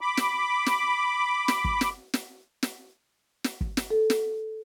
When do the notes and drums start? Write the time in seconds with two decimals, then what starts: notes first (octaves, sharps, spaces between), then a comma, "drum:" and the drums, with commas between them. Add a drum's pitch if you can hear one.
0.01 B5 D6
0.17 drum: snare
0.66 drum: snare
1.48 drum: snare
1.64 drum: kick
1.81 drum: snare
2.14 drum: snare
2.63 drum: snare
3.44 drum: snare
3.61 drum: kick
3.77 drum: snare
3.90 A4
4.10 drum: snare